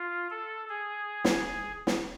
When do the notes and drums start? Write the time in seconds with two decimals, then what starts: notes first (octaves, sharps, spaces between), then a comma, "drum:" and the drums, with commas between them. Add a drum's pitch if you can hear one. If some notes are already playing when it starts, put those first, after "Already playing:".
Already playing: F4
0.30 A4
0.69 G#4
1.25 drum: snare
1.87 drum: snare